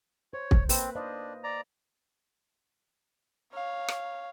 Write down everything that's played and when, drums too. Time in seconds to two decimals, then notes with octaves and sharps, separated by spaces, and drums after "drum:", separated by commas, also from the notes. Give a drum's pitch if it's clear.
0.33 C5 C#5
0.51 drum: kick
0.69 A#3 C4 B4, drum: open hi-hat
0.95 D4 C5 D#5 F5
1.44 D5 A#5
3.53 C#5 F5
3.88 drum: rim click